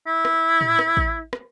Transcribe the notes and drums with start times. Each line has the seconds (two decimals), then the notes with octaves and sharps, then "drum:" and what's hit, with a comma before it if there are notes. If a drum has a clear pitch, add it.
0.07 E4
0.25 drum: rim click
0.61 drum: tom A2
0.79 drum: rim click
0.97 drum: kick A1
1.33 drum: rim click